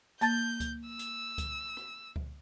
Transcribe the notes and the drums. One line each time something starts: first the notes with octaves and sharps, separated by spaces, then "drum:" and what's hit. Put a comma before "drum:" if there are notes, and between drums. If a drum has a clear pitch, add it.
A#3 A5 G6 A6, drum: hi-hat
drum: kick C#2, hi-hat
E6
drum: hi-hat
drum: kick C#2, hi-hat
drum: rim click
drum: kick C#2